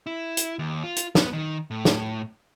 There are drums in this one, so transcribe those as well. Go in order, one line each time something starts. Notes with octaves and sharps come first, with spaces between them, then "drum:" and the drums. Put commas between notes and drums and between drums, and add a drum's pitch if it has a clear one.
E4
drum: hi-hat
D#2
F4
drum: hi-hat
B3, drum: snare
D#3
A2
drum: snare